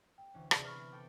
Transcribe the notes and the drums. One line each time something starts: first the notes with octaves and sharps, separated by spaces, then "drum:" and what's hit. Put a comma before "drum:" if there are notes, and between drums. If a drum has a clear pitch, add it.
G5
D2 E3 C#4
C3 B3 G#4 D5, drum: rim click
B5 C#6 F6
A4 G5 D6